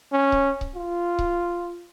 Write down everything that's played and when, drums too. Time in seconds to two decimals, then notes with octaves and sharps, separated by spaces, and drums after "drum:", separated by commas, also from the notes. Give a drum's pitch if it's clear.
0.13 C#4
0.32 drum: kick C#1
0.61 drum: kick C#1
0.75 F4
1.19 drum: kick C#1